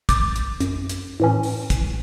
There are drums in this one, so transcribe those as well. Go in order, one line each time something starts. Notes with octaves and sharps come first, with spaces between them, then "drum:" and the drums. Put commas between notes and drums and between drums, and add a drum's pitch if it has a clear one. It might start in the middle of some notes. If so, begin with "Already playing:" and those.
D6 G6 A6, drum: kick, hi-hat
drum: hi-hat
F#2, drum: hi-hat
drum: hi-hat
A2 E3 C#4
drum: open hi-hat
drum: kick, hi-hat